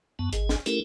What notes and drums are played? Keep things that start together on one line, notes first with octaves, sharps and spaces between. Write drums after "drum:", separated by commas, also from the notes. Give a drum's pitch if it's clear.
F#2 B3 A5
G#1 G#4, drum: hi-hat
drum: snare
A3 C#4 E4 G4 A4 A#4, drum: hi-hat